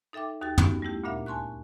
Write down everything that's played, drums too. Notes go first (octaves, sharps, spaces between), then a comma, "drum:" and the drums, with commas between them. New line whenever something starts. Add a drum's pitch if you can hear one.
D#4 A4 E5 G5 D6
D#2 D#4 F#4 G4 A6
B3 C#4 D#4 F#4 G4, drum: tom
G3 A3 E4 G4
D2 G2 A#2 A#3 E5 F5
G#5 A5 C6 C#6 F#6